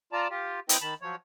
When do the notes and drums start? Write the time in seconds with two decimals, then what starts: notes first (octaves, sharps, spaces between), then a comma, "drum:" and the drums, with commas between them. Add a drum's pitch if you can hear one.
0.13 F4 D5 A5 A#5
0.30 F4 G4
0.69 C4 E4 B4 D#5 G5 G6, drum: hi-hat
0.81 D#3 A5 B5
1.02 F3 F#3 C#5